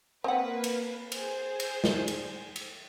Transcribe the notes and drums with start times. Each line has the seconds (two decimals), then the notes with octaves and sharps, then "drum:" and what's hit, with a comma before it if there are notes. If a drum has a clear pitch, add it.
0.24 A#3 C4 B4 F#5
0.64 drum: cymbal
1.12 G#4 C5, drum: cymbal
1.60 drum: cymbal
1.84 drum: snare
2.08 drum: cymbal
2.56 drum: cymbal